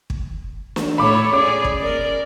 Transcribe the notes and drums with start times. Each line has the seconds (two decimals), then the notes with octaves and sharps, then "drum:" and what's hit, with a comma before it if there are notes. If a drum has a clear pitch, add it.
0.10 drum: kick
0.76 drum: snare
0.98 A2 A4 C#5 B5 D6
1.33 C#4 G#4 D5 D6
1.65 drum: kick
1.80 A#4 D5